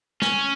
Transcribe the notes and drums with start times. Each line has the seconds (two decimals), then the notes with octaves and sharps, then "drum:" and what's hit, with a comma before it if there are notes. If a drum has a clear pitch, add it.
0.22 C#4, drum: snare